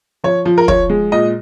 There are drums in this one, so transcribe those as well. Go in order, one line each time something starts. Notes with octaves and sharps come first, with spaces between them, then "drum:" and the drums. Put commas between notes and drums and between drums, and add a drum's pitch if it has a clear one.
F3 C#5
F3
A#4
F3 C#5, drum: kick
G#3
A#2 D#5